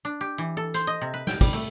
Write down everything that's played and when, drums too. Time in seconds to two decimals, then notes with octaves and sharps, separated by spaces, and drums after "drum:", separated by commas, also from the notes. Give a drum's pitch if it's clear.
0.05 D4
0.21 G4
0.38 E3
0.57 A4
0.74 C5, drum: hi-hat
0.87 D#5
1.01 C3
1.14 B4
1.27 G5, drum: snare
1.41 G3, drum: kick, open hi-hat
1.53 A3